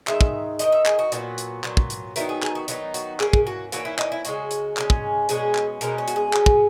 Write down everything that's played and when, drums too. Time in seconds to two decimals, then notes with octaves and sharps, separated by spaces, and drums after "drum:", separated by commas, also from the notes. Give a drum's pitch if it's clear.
0.07 D#3 G#3 D#4 E5, drum: clap
0.21 drum: kick
0.59 D#3 G#3 D#4 D#5, drum: hi-hat
0.72 E5
0.86 G#4, drum: clap
0.99 F#4
1.12 A#2 F#3 B3, drum: hi-hat
1.38 drum: hi-hat
1.64 A#2 F#3 B3, drum: clap
1.77 drum: kick
1.90 drum: hi-hat
2.16 D#3 F#3 B3 D#4 E4, drum: hi-hat
2.29 G#4
2.43 G#4, drum: clap
2.55 F#4
2.68 D#3 F#3 B3 D#4 E4, drum: hi-hat
2.94 F#4, drum: hi-hat
3.20 E3 A#3 C#4 G#4, drum: clap
3.33 drum: kick
3.47 F#4
3.72 E3 A#3 C#4 F#4, drum: hi-hat
3.85 E4
3.99 D#4, drum: clap
4.12 E4
4.25 C#3 G#3 C#4 F#4, drum: hi-hat
4.51 drum: hi-hat
4.77 C#3 G#3 C#4, drum: clap
4.90 drum: kick
5.29 B2 G#3 C#4 G#4, drum: hi-hat
5.55 drum: clap
5.81 B2 G#3 C#4 A#4, drum: hi-hat
5.98 C#5
6.08 F#4, drum: hi-hat
6.16 G#4
6.33 C#3 F#3 C#4, drum: clap
6.46 drum: kick